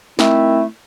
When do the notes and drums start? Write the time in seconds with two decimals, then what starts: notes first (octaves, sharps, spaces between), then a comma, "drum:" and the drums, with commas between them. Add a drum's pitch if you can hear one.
0.19 D#3 A3 C4 E4, drum: snare